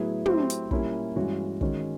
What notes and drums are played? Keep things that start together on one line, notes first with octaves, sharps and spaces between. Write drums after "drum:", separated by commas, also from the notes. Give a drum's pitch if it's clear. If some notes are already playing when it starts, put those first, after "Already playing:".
Already playing: A2 F#3 B3 E4 G#4
F#3 A3 C4 E4 G4, drum: tom
drum: hi-hat
A#2 G3 A#3 C#4 E4, drum: kick
G2 E3 G#3 C#4 F#4
D#3 G#3 C#4 F#4, drum: kick